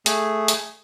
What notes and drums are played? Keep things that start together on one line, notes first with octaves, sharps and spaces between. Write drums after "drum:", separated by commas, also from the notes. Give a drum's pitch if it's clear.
A3 G#4, drum: hi-hat
drum: hi-hat